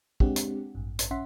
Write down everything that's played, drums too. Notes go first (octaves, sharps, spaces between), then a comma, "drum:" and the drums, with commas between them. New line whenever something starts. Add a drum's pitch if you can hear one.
G#3 C4 D4 G4 F#5, drum: kick
drum: hi-hat
A1 G2
drum: hi-hat
A#1 C#4 E5 F#5 C6 B6